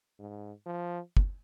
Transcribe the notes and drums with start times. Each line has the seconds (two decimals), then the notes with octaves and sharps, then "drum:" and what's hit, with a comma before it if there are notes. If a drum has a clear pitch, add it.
0.19 G#2
0.66 F3
1.17 drum: kick